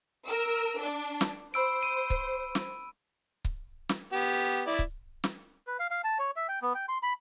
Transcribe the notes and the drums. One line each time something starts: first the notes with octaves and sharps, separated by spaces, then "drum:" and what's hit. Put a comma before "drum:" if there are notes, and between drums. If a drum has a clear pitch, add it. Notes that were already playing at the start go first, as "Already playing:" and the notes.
A#4 E6
D4
drum: snare
C5 B5 E6 D7
D#7
drum: kick C#1
drum: snare
drum: kick C#1
drum: snare
B3 G4
E4 D5
drum: kick C#1
drum: snare
B4
F5
F5
A5
C#5
E5
G5
B3
G5
C6
B5